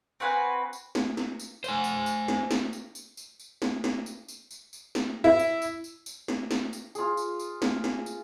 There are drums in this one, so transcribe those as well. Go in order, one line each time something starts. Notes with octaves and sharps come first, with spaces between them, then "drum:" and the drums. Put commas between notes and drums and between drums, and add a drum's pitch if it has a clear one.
C4 F#4 B4 G#5
drum: tambourine
drum: snare
drum: snare
drum: tambourine
C5 G#5, drum: tambourine
drum: tambourine
drum: tambourine
drum: snare
drum: snare
drum: tambourine
drum: tambourine
drum: tambourine
drum: tambourine
drum: snare
drum: snare
drum: tambourine
drum: tambourine
drum: tambourine
drum: tambourine
drum: snare
E4
drum: tambourine
drum: tambourine
drum: tambourine
drum: tambourine
drum: snare
drum: snare
drum: tambourine
F4 G#4, drum: tambourine
drum: tambourine
drum: tambourine
drum: snare
drum: snare
drum: tambourine